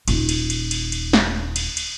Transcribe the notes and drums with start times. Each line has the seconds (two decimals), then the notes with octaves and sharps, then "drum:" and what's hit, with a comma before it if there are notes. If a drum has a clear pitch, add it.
0.08 D#1 F4, drum: cymbal
0.29 drum: cymbal
0.50 drum: cymbal
0.71 drum: cymbal
0.92 drum: cymbal
1.13 drum: snare
1.56 drum: cymbal
1.77 drum: cymbal